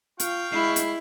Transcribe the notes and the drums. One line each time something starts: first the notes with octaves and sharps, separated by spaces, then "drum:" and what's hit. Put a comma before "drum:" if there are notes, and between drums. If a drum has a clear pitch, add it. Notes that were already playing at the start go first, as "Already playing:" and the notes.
F4 F5 G5 C#6, drum: hi-hat
G#3 E4 B5 C7
drum: hi-hat